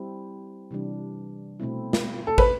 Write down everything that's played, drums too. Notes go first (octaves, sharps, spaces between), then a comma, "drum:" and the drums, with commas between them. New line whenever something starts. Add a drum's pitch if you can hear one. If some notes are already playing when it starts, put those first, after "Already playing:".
Already playing: G3 C4 E4 G4
C3 E3 G3 D4
B2 A3 C4 E4
drum: snare
A4
B4, drum: kick